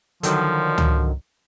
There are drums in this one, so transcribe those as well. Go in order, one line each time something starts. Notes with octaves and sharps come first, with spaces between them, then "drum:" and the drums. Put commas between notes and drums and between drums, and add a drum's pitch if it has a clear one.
D3 D#3 F3 F#3, drum: hi-hat
drum: tom C#2